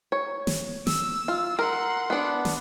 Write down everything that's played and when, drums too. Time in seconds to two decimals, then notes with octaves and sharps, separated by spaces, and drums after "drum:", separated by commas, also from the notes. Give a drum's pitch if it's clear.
0.12 C#5
0.47 drum: snare
0.87 E6, drum: snare
1.28 F4
1.59 A#4 F#5 C6
2.10 B3 D4
2.45 drum: snare